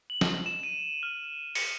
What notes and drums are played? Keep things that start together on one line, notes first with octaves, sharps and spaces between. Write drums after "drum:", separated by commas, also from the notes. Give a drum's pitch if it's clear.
F#7
drum: snare
E7
D#7
F6
C#7, drum: open hi-hat